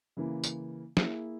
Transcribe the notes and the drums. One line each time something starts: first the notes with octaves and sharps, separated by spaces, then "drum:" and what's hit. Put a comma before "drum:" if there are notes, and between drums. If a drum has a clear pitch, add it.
C#3 E3 A#3
drum: tambourine
A#3 E4 G#4, drum: snare